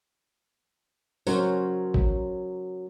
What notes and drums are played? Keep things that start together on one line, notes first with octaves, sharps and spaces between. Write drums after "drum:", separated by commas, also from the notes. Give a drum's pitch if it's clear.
F#3 C#4 A#4 C5, drum: tambourine
drum: kick